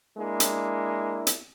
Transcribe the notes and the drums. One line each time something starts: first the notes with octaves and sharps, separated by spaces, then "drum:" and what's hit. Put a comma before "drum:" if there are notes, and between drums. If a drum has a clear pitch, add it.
G#3 A#3 D4 E4
drum: hi-hat
drum: hi-hat